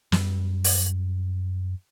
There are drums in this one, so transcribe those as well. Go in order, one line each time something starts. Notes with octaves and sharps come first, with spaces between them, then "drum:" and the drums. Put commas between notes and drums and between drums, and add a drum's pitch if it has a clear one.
F#2 G3, drum: snare
drum: open hi-hat